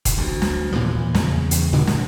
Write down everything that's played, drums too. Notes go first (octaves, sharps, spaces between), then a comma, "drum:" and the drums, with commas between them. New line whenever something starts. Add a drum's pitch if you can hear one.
drum: kick E1, hi-hat
D2
drum: snare
D#2 A#2 E3 F3
E2 C#3, drum: snare
drum: hi-hat
A#2 D3 E3 G#3
drum: snare